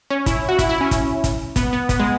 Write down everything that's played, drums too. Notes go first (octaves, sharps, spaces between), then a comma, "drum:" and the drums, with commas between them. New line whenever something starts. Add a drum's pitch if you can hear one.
C#4
E4, drum: kick, hi-hat
F#4
E4, drum: kick, hi-hat
E4
C#4
drum: kick, hi-hat
drum: kick, hi-hat
B3, drum: kick, hi-hat
B3
B3, drum: kick, hi-hat
G#3